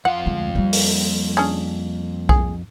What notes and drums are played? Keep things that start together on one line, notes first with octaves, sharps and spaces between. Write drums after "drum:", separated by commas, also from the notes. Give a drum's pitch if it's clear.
F2 F4 F5 F#5
D2 G#3
G3 A#3
drum: open hi-hat
C#4 D4 G#4
G#4, drum: kick B1